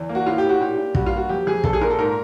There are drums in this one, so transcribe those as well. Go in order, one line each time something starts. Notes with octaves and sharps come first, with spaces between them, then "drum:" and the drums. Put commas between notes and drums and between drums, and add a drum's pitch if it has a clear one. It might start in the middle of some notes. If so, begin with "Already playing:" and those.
Already playing: E2
A#3
F#4
A2 F4
A2 G4
F#4
A#2 G4
A#2
G2 F#4, drum: kick
F4
A#3
F#4
F2 G4
F2 G#4
A#2 A4, drum: kick
G#4
A#2 A#4
A4
G#2 A#4